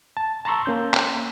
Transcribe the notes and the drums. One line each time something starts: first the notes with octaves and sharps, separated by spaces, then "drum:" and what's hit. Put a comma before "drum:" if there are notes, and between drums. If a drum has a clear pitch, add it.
A5
A5 A#5 C6 C#6 E6
A#3 C#4 G6
drum: clap